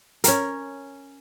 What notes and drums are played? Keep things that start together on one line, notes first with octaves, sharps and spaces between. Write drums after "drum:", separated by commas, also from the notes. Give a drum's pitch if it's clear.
C#4 A#4, drum: hi-hat